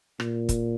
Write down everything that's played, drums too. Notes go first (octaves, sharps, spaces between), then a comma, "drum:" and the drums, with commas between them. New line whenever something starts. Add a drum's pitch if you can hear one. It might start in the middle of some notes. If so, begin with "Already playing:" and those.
A#2, drum: rim click
drum: kick, hi-hat